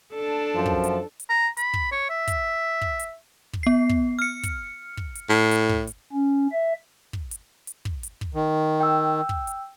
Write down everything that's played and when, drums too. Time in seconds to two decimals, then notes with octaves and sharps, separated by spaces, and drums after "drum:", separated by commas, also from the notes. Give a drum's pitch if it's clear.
0.13 D4 A4
0.56 F#2 F3
0.66 drum: kick
0.84 drum: hi-hat
1.20 drum: hi-hat
1.29 A#5
1.57 B5, drum: hi-hat
1.74 drum: kick
1.92 C#5
2.10 E5
2.28 drum: kick, hi-hat
2.81 drum: kick
2.99 drum: hi-hat
3.53 drum: kick
3.63 B3 C7
3.89 drum: kick
4.19 F6 C#7
4.43 drum: kick, hi-hat
4.97 drum: kick
5.15 drum: hi-hat
5.29 A2
5.51 drum: hi-hat
5.69 drum: kick
5.87 drum: hi-hat
6.13 C#4
6.52 E5
7.13 drum: kick
7.31 drum: hi-hat
7.67 drum: hi-hat
7.85 drum: kick
8.03 drum: hi-hat
8.21 drum: kick
8.34 D#3
8.80 G5 E6
9.29 drum: kick
9.47 drum: hi-hat